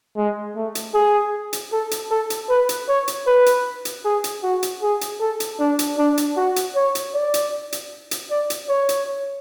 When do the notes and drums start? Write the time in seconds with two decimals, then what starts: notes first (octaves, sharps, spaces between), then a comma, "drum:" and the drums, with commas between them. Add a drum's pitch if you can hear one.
0.17 G#3
0.56 A3
0.75 drum: hi-hat
0.94 G#4
1.53 drum: hi-hat
1.72 A4
1.91 drum: hi-hat
2.11 A4
2.30 drum: hi-hat
2.49 B4
2.69 drum: hi-hat
2.89 C#5
3.08 drum: hi-hat
3.27 B4
3.46 drum: hi-hat
3.85 drum: hi-hat
4.05 G#4
4.24 drum: hi-hat
4.43 F#4
4.63 drum: hi-hat
4.82 G#4
5.01 drum: hi-hat
5.21 A4
5.40 drum: hi-hat
5.60 D4
5.79 drum: hi-hat
5.98 D4
6.18 drum: hi-hat
6.37 F#4
6.56 drum: hi-hat
6.76 C#5
6.95 drum: hi-hat
7.14 D5
7.34 drum: hi-hat
7.72 drum: hi-hat
8.11 drum: hi-hat
8.31 D5
8.50 drum: hi-hat
8.69 C#5
8.89 drum: hi-hat